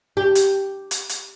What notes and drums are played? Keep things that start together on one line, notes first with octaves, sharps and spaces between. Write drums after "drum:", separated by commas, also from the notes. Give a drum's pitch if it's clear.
G4
drum: hi-hat
drum: hi-hat
drum: hi-hat